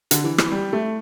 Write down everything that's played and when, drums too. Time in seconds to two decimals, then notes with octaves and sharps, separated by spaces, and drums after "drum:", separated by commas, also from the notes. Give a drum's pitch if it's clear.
0.11 D3, drum: hi-hat
0.24 E3
0.38 E3, drum: rim click
0.52 G3
0.73 A3